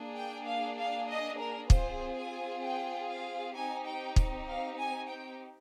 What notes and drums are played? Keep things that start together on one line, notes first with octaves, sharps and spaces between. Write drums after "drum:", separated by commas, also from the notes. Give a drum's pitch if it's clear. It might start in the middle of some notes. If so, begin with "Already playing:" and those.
Already playing: A#3 D4 G#4
G5
F5
F5
D#5
A#4
C4 F4 G#4 C5, drum: kick
G#5
G5
F5
C4 D#4 G4 G#5
G5
drum: kick
F5
G#5
G5